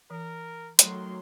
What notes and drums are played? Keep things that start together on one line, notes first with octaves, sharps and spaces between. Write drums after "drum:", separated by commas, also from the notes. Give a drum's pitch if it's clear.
E3 A#4
D#3 F#3 A3 C6, drum: hi-hat